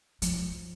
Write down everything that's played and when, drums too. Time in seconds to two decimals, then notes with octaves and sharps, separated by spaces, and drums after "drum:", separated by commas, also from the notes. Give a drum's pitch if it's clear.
0.22 F3, drum: hi-hat